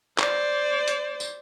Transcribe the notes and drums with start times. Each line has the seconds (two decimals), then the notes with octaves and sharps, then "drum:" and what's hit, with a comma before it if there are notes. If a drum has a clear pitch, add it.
0.18 C5 D5, drum: clap
0.88 drum: hi-hat
1.20 drum: tambourine